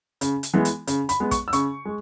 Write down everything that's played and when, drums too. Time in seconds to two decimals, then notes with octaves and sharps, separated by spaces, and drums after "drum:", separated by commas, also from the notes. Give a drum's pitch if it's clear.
0.21 C#3, drum: hi-hat
0.43 drum: hi-hat
0.54 E3 G#3 B3
0.65 drum: hi-hat
0.87 C#3, drum: hi-hat
1.09 B5, drum: hi-hat
1.20 G#3 B3
1.31 C#6, drum: kick, hi-hat
1.48 E6
1.53 C#3 C#6, drum: hi-hat
1.85 G#3